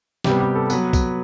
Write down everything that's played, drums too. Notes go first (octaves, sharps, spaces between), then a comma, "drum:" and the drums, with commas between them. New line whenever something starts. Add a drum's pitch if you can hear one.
C3 G3 B3 G4, drum: snare
G4
A4
F#3 B3 B4, drum: tambourine
drum: kick B1, tambourine